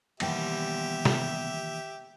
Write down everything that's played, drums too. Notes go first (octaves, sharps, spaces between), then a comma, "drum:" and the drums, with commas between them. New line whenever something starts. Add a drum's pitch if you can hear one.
B2 D#3 E3 G3 A#3 G4 E5 G5, drum: cymbal
drum: snare